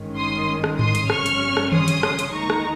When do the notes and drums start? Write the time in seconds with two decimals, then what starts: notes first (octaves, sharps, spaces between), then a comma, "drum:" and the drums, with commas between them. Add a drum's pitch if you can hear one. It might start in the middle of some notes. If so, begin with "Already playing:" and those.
Already playing: G#1 G2 D#3 G#3 C#4
0.17 C6 D#6
0.64 drum: rim click
0.79 C6 D#6, drum: tom G#2
0.95 drum: hi-hat
1.10 G1 F2 C#3 G3 C#4 C#6 F6, drum: rim click
1.26 drum: hi-hat
1.57 drum: rim click
1.72 C6 D#6, drum: tom D#3
1.88 drum: hi-hat
2.03 drum: rim click
2.19 drum: hi-hat
2.34 D#2 D#3 G#3 D#4 A#5 C#6
2.50 drum: rim click